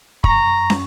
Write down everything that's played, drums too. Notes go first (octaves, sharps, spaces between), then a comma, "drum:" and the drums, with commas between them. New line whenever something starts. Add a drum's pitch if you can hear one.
F#2 A#5 C#6, drum: kick
drum: snare